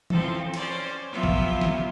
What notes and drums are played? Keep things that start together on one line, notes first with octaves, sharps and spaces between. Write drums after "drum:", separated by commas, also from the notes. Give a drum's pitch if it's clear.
E3 F3 C4 A4, drum: tom E3
C#4 C5 D5, drum: cymbal
F3 F#3 B3 F4 G4 E5
drum: kick
drum: snare